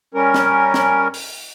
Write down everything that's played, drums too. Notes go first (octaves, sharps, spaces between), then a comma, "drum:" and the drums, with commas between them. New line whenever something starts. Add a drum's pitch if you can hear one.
G3 C#4 A#4
drum: snare
drum: snare
drum: open hi-hat